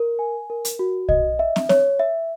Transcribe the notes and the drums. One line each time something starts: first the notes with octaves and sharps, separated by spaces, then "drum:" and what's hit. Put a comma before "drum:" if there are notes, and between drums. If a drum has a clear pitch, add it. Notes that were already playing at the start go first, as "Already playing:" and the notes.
Already playing: A#4
G#5
A#4
drum: hi-hat
F#4
D#5, drum: kick
E5
drum: snare
C#5, drum: snare
E5